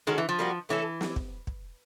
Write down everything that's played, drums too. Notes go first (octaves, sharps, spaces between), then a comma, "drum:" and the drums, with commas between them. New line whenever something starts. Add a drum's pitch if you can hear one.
D#3 G#3 C#4 F#4 A4
E3
F3
G3 A#3 D4 F#4
E3 A3 C#4 F4 A4
drum: snare
drum: kick
drum: kick